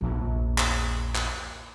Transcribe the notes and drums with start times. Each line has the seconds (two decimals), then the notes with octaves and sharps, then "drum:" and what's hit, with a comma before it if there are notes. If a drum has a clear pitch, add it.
0.01 A#1 E2
0.58 drum: clap
1.15 drum: clap